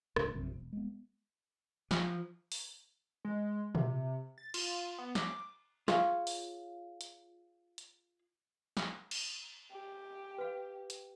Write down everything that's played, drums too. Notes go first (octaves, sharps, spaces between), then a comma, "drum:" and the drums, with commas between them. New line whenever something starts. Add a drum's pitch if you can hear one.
D#1 C#2 A2 D4, drum: rim click
A#1 F#2 C3
E1
G#3 B3
F3, drum: snare
drum: open hi-hat
G#3
C3, drum: tom A#2
A6
F4, drum: cymbal
B3
D6, drum: snare
F4 G#4 C#5 F5, drum: snare
drum: open hi-hat
drum: hi-hat
drum: hi-hat
drum: snare
drum: cymbal
G4
B4 F5
drum: hi-hat